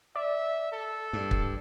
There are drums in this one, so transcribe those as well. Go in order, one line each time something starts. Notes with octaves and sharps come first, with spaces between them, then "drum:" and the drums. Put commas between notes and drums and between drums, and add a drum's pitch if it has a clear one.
D5 E5
A4
G2
drum: kick